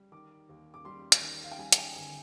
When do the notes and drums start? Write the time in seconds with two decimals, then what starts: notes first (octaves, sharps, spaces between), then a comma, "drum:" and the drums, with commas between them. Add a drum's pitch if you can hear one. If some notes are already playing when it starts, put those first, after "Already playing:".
Already playing: G3
0.12 D#3 D6
0.49 D#2
0.74 D6
0.85 G3 C6
1.12 drum: hi-hat
1.21 D#3
1.44 F5
1.51 G5
1.58 G3 G#5
1.72 G#5, drum: hi-hat
1.77 G5
1.95 G1 G#5